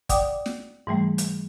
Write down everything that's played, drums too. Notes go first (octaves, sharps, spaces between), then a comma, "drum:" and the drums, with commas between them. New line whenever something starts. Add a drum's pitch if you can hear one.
D5 F#5 G5 D6 D#6, drum: kick, hi-hat
drum: snare
G#2 E3 G3 A3
drum: hi-hat